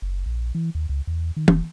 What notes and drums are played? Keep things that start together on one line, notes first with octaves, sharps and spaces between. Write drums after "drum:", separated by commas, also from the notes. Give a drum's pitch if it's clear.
F#1
A#1
E3
D#2
C#2
E2
D#3
E1, drum: tom